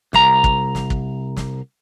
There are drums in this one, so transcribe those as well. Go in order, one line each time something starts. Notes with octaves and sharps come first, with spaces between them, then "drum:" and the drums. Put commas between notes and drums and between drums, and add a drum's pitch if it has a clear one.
C2 A#5, drum: snare
drum: kick
drum: snare
drum: kick
drum: snare